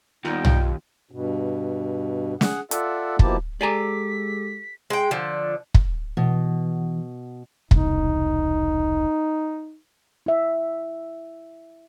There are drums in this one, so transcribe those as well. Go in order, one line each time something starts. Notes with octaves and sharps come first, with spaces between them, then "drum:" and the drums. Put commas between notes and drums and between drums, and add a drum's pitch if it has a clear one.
D#2 G3 B3 D#4 F4 G5
drum: tom
G2 B2
G#4 F#5, drum: snare
F4 A4 D5 E5 F#5, drum: hi-hat
B2 F3 A#3 E4 G4 A5, drum: kick
G#3 G4 A4 D5 G#5 A#5 D6 B6
G#3 G5
D3 F3
drum: kick
B2 E3
E1 C2 D#4, drum: kick
E4 E5